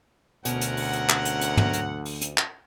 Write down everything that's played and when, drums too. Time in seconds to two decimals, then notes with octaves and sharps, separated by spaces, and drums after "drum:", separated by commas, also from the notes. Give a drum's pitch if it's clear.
0.45 D2 B2 C4 C#4 A#4 F#5 A#5, drum: hi-hat
0.61 drum: hi-hat
0.77 drum: open hi-hat
0.93 drum: hi-hat
1.09 drum: clap
1.25 drum: hi-hat
1.41 drum: hi-hat
1.57 drum: tom
1.73 drum: hi-hat
2.05 drum: open hi-hat
2.21 drum: hi-hat
2.37 drum: clap